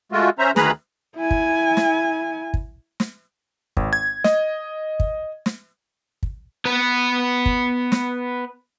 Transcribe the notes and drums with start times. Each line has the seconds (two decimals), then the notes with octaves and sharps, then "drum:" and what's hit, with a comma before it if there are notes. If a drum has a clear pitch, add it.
0.12 G#3 A3 F4 F#4
0.39 C#4 C5 E5 A#5
0.56 D2 D#3 G#4 B4 A#5 B5, drum: snare
1.17 E4 G#5
1.31 drum: kick
1.77 drum: snare
2.54 drum: kick
3.00 drum: snare
3.77 G#1, drum: kick
3.93 G#6
4.24 D#5, drum: snare
5.00 drum: kick
5.46 drum: snare
6.23 drum: kick
6.65 B3 B4
7.46 drum: kick
7.92 drum: snare